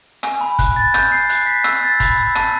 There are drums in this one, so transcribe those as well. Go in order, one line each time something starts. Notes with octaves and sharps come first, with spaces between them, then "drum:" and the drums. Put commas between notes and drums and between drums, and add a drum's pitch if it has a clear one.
G#5, drum: rim click
B5
F#6, drum: kick, hi-hat
A6
G6, drum: rim click
C7
F#6, drum: hi-hat
B6
E6, drum: rim click
A6
B5, drum: kick, hi-hat
E6
A5, drum: rim click